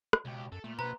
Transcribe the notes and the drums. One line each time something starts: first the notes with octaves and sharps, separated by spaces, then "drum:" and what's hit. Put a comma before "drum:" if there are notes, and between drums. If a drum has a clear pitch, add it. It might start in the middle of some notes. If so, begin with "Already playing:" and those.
drum: rim click
C#2 B2 G4
F#2 A4
A#2 A3
B2 A#3 B4 C5 A#5